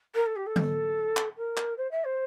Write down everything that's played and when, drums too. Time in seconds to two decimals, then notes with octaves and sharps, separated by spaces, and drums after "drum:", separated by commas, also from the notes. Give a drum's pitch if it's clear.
0.15 A#4
0.26 A4
0.35 G4
0.46 A4
0.56 drum: tom D3
1.17 drum: clap
1.37 A#4
1.57 drum: clap
1.77 C5
1.91 E5
2.04 C5